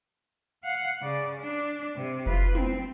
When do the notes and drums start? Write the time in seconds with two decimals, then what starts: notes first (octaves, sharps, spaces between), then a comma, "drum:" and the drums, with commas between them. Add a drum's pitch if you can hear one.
0.63 F5 F#5
1.02 C#3 D5
1.39 D4
1.96 C3
2.26 F4 B4, drum: kick F1
2.55 C4, drum: tom